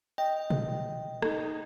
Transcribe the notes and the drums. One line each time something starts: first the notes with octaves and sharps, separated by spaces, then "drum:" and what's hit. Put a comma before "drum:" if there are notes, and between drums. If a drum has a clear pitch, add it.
D#5 G5
drum: tom A#2
D#4, drum: rim click